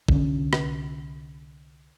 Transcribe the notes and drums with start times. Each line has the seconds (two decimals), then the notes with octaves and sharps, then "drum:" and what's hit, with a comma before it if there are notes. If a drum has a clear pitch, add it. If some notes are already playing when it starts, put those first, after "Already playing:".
0.09 C2 D3 C#4, drum: kick
0.53 drum: rim click